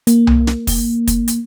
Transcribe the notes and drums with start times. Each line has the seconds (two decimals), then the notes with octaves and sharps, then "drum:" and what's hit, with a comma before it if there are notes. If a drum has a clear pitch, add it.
0.07 A#3, drum: hi-hat
0.27 drum: tom C2
0.47 drum: snare
0.67 drum: kick, open hi-hat
1.07 drum: kick, hi-hat
1.28 drum: hi-hat